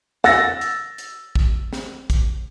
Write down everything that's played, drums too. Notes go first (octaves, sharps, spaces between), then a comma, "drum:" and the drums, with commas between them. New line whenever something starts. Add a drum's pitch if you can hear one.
F#5 E6 A6 A#6, drum: snare
drum: hi-hat
drum: hi-hat
drum: kick
drum: snare
drum: kick, hi-hat